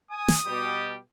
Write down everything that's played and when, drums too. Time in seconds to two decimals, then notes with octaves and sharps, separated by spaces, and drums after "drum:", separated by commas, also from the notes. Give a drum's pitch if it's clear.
0.11 G#5 D#6
0.28 drum: snare
0.46 B2 G3 G4